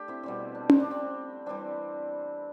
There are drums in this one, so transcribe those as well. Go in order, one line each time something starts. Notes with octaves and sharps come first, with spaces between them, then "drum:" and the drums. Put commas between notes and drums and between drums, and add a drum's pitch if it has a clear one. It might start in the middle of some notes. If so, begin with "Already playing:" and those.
Already playing: A3 D4 G4
C4 E4
B2 G3 C4
D4
C4, drum: tom C#4
D4
C4
E3 G3 C4 D4